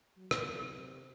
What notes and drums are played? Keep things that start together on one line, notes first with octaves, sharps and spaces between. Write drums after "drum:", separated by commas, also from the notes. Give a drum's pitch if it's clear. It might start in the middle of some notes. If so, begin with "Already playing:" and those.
F#3
drum: rim click
C3